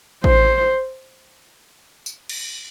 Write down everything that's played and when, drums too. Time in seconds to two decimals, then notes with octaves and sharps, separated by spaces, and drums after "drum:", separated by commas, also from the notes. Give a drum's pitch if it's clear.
0.24 C5, drum: kick A1
2.06 drum: tambourine
2.29 drum: cymbal